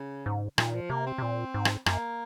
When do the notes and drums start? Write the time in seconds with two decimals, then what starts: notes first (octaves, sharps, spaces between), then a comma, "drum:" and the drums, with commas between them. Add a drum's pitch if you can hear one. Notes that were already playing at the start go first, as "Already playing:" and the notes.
Already playing: C#3
0.26 G#2
0.58 A#2 D#3, drum: rim click
0.74 F3
0.90 C3 A#3
1.07 C4
1.18 C3
1.22 A#2
1.54 G#2
1.65 drum: rim click
1.86 F#2 A#3, drum: rim click